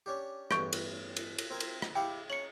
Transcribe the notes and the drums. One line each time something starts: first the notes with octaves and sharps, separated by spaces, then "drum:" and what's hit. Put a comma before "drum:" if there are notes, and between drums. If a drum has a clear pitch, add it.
C#4 D4 G4
A1 E2 G2 C#6 G6 D7, drum: rim click
drum: cymbal
drum: cymbal
drum: cymbal
C4 A#4 G#5
drum: cymbal
drum: rim click
E4 G4 F5 G5
C#4 A#5 C#7 F#7